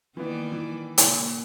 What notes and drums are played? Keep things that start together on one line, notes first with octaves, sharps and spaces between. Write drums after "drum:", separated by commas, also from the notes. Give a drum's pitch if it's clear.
D#3 E3 A#3 B3 D5
E3
A#2 C#3, drum: hi-hat